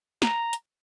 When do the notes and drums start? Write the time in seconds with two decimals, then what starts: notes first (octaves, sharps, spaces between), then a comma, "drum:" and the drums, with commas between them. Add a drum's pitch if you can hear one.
0.22 A#5, drum: snare
0.53 drum: hi-hat